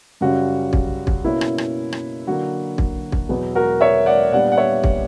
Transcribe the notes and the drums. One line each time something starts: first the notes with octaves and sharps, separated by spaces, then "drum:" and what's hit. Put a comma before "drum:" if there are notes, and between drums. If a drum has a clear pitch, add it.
F#2 C#3 G3 C#4 F#4
drum: kick
drum: kick
B2 A#3 C#4 E4
drum: rim click
drum: rim click
drum: rim click
D3 F#3 A#3 F#4
drum: kick
drum: kick
E2 B2 F#3 B3
F#4 A#4
C#5 E5
D5 F#5
A#2 G3 B3 D4 D5 F#5
F#5
C#5 E5
drum: kick